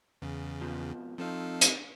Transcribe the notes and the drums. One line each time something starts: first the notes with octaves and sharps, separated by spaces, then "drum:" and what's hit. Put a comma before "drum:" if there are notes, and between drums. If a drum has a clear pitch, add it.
E2 C#3
F2 B2 F3
F3 C4 C#4 D#4 A4 F5
drum: hi-hat